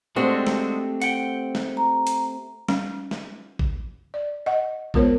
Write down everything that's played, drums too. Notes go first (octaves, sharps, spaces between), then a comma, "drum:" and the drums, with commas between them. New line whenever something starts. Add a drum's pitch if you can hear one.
G#3 A3 C4 D4 F#4 G4
drum: snare
F#5 G5, drum: hi-hat
drum: snare
A#5
drum: hi-hat
G3 C#4, drum: snare
drum: snare
drum: kick
D5
D#5 F#5
G#3 B3 F4 A#4 C5 C#5, drum: kick